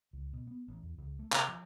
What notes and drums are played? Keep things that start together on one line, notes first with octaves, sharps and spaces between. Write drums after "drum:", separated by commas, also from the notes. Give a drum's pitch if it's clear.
C#2
B2
B3
A1
E2
C#2
A3
C3, drum: clap
F3